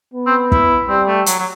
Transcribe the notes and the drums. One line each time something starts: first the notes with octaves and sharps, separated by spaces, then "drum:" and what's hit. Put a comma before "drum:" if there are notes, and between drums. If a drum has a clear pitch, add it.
B3
C4
E4, drum: kick
G3 C4
A3
F#3, drum: hi-hat
F#3